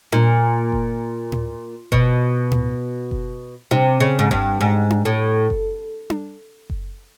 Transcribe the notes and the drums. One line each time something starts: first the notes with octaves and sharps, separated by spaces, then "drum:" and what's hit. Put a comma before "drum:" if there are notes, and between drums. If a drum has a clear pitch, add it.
A#2, drum: tom D4
drum: kick F#1
drum: tom A2
B2, drum: kick F#1
drum: tom A2
drum: kick F#1
C3, drum: tom D4
C#3
G#2
G2, drum: kick F#1
G#2
drum: tom D4
A2
drum: kick F#1
drum: tom D4
drum: kick F#1